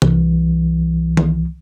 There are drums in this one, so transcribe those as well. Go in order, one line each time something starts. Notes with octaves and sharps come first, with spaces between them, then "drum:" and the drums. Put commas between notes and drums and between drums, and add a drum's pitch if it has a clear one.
C2 E3, drum: tom C3
drum: tom D#3